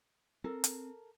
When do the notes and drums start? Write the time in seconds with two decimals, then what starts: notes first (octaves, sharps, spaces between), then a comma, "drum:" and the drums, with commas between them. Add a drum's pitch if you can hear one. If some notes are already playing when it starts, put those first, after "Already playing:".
0.44 C4 A4 A#4
0.64 drum: hi-hat